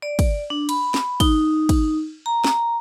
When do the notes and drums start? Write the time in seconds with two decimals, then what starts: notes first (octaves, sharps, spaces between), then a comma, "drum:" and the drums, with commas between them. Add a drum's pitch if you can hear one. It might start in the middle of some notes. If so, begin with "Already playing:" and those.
0.02 D5
0.19 drum: kick, cymbal
0.50 D4
0.69 B5, drum: cymbal
0.94 drum: snare
1.20 D#4, drum: kick, cymbal
1.69 drum: kick, cymbal
2.26 A#5
2.44 A#5, drum: snare